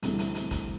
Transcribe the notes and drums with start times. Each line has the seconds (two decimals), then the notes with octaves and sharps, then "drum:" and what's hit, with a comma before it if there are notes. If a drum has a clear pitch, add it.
0.03 D2 C3 E3 G3 A3 C4, drum: hi-hat
0.19 drum: hi-hat
0.35 drum: hi-hat
0.51 drum: kick, hi-hat